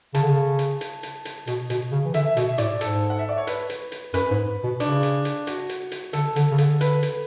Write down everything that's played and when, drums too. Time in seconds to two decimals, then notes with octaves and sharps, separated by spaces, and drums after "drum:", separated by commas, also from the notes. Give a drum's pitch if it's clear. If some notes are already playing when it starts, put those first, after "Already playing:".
0.15 C#3 A5, drum: hi-hat
0.22 D3
0.30 C#3
0.59 drum: hi-hat
0.81 drum: hi-hat
1.03 drum: hi-hat
1.25 drum: hi-hat
1.47 B2, drum: hi-hat
1.70 B2, drum: hi-hat
1.92 C#3
2.05 E3
2.14 D3 E5, drum: hi-hat
2.37 B2 E5, drum: hi-hat
2.58 A2 D5, drum: hi-hat
2.81 G#2 A4, drum: hi-hat
3.10 F#5
3.19 E5
3.29 D5
3.38 C#5
3.47 B4, drum: hi-hat
3.70 drum: hi-hat
3.92 drum: hi-hat
4.14 F#2 B4, drum: hi-hat
4.31 G#2
4.64 B2
4.80 C#3 D4, drum: hi-hat
5.03 drum: hi-hat
5.25 drum: hi-hat
5.47 F#4, drum: hi-hat
5.69 drum: hi-hat
5.92 drum: hi-hat
6.13 D3 A4, drum: hi-hat
6.36 D3, drum: hi-hat
6.52 C#3
6.58 D3, drum: hi-hat
6.81 B4, drum: hi-hat
7.03 drum: hi-hat